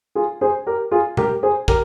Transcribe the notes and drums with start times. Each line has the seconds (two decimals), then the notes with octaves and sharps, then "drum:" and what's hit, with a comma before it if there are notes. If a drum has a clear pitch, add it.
0.15 F4 G#4
0.41 G#4 C5
0.66 G4 A#4
0.91 F4 G#4
1.17 G4 A#4, drum: tom B2
1.43 G#4 C5
1.68 G4 A#4, drum: kick